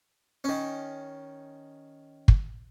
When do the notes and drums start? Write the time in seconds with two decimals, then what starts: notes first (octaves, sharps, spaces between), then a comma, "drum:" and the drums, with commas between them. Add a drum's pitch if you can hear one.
0.44 D#3 C#4
2.28 drum: kick